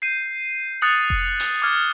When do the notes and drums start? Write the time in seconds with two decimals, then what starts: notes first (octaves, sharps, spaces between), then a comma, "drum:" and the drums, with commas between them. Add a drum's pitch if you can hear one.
0.02 G6 C7 D#7
0.82 D#6 F#6 A6 C#7 F#7
1.10 drum: kick F1
1.40 drum: open hi-hat
1.62 D6 F6 G#6